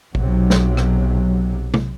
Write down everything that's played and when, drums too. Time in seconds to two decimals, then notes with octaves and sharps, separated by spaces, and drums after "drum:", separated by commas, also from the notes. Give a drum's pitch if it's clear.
0.15 B1 C3 F#3, drum: kick
0.50 drum: snare
0.77 drum: rim click
1.74 drum: tom